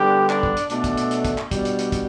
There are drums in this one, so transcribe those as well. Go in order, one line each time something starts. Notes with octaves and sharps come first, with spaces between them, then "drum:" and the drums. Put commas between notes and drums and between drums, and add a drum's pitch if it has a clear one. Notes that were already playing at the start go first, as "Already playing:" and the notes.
Already playing: D3 G3 B3 D4 G4
D4, drum: clap
drum: kick
drum: hi-hat
B2 A3 D4, drum: hi-hat
drum: kick, hi-hat
drum: hi-hat
drum: hi-hat
drum: kick, hi-hat
drum: clap
B2 G3 D4, drum: kick, hi-hat
drum: hi-hat
drum: hi-hat
drum: kick, hi-hat